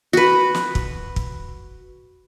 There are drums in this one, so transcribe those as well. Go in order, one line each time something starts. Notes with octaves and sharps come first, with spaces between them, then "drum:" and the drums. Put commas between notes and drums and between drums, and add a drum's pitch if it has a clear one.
F#4 B4
drum: snare
drum: kick
drum: kick